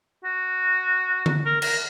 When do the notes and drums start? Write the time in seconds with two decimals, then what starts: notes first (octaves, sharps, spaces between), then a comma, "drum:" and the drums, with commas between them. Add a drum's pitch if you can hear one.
0.25 F#4
1.26 drum: tom D3
1.46 A#4
1.62 A#4, drum: cymbal